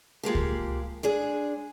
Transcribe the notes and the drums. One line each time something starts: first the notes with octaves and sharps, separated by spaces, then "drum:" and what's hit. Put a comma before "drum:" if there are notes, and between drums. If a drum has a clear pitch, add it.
F3 G#3 A#3 G4
drum: kick C#2
G#3 D4 G#4